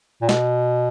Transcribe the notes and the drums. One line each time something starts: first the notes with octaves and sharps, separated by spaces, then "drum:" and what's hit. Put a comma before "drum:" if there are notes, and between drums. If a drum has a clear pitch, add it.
A#2
B2, drum: snare